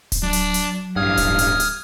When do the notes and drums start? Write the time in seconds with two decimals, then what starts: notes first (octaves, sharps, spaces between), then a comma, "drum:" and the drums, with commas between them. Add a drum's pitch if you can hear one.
0.12 drum: kick D1, hi-hat
0.23 F#3 D4
0.33 drum: hi-hat
0.54 drum: hi-hat
0.96 A1 G2 F5 D#6 F6 G#6
1.17 drum: kick D1, hi-hat
1.39 drum: hi-hat
1.60 drum: hi-hat